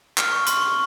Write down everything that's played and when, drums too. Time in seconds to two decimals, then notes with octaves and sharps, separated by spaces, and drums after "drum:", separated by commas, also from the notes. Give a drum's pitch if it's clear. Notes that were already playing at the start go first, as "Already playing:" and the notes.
0.18 F6, drum: clap
0.32 C#6
0.47 C6, drum: hi-hat
0.61 C#6